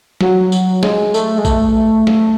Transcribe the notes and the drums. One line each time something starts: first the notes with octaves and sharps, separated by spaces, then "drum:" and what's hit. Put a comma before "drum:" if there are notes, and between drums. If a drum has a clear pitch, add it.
F#3, drum: snare
drum: tambourine
G#3, drum: snare
A3, drum: tambourine
G#3
A3, drum: kick A#1, tambourine
drum: snare